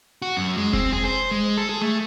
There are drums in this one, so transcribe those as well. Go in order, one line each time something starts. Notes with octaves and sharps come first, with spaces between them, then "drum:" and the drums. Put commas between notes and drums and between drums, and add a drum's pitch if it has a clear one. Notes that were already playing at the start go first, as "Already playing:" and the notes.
F#4
F#2
G#3
C4, drum: kick F1
G#4
C5
G#3
A4
G#4
A3